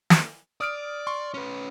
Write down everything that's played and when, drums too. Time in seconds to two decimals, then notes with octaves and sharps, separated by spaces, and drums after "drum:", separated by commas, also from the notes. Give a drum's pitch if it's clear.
0.10 drum: snare
0.61 D5 D#6 F6 D7
1.07 C6 C#6
1.34 C#4 B4